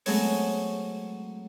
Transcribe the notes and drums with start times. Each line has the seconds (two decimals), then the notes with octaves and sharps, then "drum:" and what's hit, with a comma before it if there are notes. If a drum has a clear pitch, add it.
0.06 F#3 G#3 A3 B3 C4 C#5, drum: open hi-hat